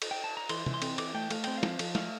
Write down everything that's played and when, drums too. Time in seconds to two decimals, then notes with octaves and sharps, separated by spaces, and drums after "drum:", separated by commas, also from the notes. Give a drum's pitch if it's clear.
0.02 drum: cymbal
0.11 G5
0.24 A5
0.37 A#5
0.49 E3 C6, drum: cymbal
0.66 E3, drum: tom
0.74 C6
0.82 C4, drum: cymbal
0.98 E3 D6, drum: cymbal
1.14 A3 G5
1.31 A3 F5, drum: cymbal
1.44 C4 G5, drum: cymbal
1.58 F5
1.63 F3, drum: snare
1.79 F3, drum: cymbal
1.95 A3 F5, drum: snare